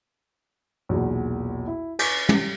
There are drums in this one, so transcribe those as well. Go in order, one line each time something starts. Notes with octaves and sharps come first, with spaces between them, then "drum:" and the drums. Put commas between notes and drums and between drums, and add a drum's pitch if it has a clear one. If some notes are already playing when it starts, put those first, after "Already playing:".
B1 E2 A#2
E4
B4 G#5 C#6 D6 G6, drum: cymbal
G4, drum: tom